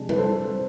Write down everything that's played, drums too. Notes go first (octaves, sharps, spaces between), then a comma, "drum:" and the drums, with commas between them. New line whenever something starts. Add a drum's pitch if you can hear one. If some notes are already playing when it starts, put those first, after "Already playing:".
Already playing: C3 F3 G#3 D4
B4, drum: tom G3
A4 C5